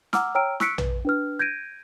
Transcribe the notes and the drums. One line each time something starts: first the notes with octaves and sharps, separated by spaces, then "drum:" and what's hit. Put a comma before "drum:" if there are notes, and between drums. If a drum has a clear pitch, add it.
F#5 A#5 D6 E6 F6, drum: snare
C#5 G5 A#5 E6 F6 D7
C#6 E6 F#6 B6 C#7 D7, drum: snare
B4, drum: tom A#1
D4 B4 F6
G6 G#6 A#6 D7 D#7